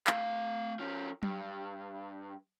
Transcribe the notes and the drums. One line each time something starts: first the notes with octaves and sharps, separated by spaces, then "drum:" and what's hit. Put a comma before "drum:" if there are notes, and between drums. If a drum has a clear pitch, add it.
A3 F5, drum: clap
F3 C#4
G2, drum: tom F#3